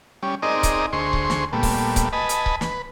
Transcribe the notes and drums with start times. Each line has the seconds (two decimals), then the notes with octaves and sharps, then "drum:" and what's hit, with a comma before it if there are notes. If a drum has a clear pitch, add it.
0.23 G3 C#4
0.42 C4 D#4 G#4 A#4 D5 D#5
0.63 drum: kick C#1, hi-hat
0.93 D2 G#4 C5 C6 C#6
1.13 drum: kick C#1
1.30 drum: snare
1.53 A#2 G3 A3 B3
1.63 drum: kick C#1, open hi-hat
1.96 drum: kick C#1, hi-hat
2.13 B4 D#5 G#5 A5 B5
2.29 drum: hi-hat
2.46 drum: kick C#1
2.61 B4, drum: snare